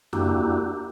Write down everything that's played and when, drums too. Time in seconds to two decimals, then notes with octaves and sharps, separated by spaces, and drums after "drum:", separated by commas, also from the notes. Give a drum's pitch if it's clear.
0.13 A#3 D4 E4 F#4 G4, drum: tom F2